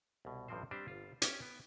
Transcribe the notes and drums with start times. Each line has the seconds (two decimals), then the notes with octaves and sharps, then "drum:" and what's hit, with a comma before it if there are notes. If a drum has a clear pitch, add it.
0.25 C2 B2
0.48 A1 G2 C3 F3 C4 C5
0.71 G3 C4 D4 G4 C5
0.88 G1 F4
1.22 C#4 G4 C#5 D5, drum: hi-hat
1.42 B3 G5